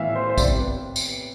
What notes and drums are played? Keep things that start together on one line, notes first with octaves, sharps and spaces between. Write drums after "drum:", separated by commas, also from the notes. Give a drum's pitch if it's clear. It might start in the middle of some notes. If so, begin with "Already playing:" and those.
Already playing: A2 E3 E5 F5
C5
C5
C3 D5, drum: kick, tambourine
B4
drum: tambourine